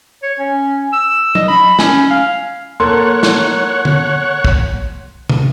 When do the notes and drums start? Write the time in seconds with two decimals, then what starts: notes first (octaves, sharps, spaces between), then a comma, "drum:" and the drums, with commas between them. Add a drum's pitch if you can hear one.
0.23 C#5
0.39 C#4
0.93 E6
1.35 D#5, drum: tom
1.48 B5
1.79 C#4, drum: snare
2.11 F5
2.80 A#3 A4 A#4 C#5 F#5 C6
3.23 drum: snare
3.85 drum: tom
4.45 drum: kick
5.29 drum: tom